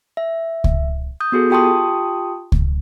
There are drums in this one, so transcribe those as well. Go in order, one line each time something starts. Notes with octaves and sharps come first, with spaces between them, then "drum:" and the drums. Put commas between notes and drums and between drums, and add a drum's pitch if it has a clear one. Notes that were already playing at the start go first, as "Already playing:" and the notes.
E5
drum: kick C#2
D#6 G6
B3 F#4 G#4 A4
F4 G4 G5 A5 C6 D#6
drum: kick C#2